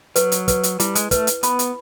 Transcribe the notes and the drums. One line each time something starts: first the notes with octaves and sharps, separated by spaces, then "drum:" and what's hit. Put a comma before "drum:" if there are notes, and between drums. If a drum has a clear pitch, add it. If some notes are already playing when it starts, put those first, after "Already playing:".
F#3 B4, drum: hi-hat
drum: hi-hat
B4, drum: kick, hi-hat
drum: hi-hat
G3 E4, drum: hi-hat
G#3, drum: hi-hat
A3 B4, drum: kick, hi-hat
drum: hi-hat
B3 B5, drum: hi-hat
drum: hi-hat